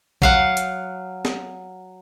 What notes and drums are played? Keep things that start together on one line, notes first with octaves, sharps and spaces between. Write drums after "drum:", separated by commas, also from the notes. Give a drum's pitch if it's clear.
F#3 F5 F#5, drum: kick A#1
drum: hi-hat
drum: snare